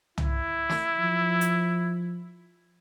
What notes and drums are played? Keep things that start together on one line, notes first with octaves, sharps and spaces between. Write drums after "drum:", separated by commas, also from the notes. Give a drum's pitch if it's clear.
E4, drum: tom
drum: snare
F3
drum: hi-hat